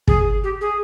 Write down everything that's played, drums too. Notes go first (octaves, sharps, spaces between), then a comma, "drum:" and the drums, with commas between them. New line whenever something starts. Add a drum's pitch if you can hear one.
G#4, drum: kick
G4
G#4